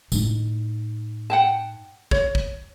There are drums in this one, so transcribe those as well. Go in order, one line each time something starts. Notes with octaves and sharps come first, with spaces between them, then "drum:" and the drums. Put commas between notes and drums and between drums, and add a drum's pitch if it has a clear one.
A2 D#4, drum: tambourine
F#5 G5 A5
C#5, drum: kick A#1
drum: kick A#1